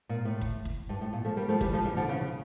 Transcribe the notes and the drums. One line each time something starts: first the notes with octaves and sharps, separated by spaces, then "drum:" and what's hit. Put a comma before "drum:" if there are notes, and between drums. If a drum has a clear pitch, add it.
A#2
A2
drum: kick
drum: kick
G2
A2
A#2
F3 A3
G3 A#3
F3 A3
E3 G3, drum: kick
F3 A3
E3 G3
D3 F3
C#3 E3
C#3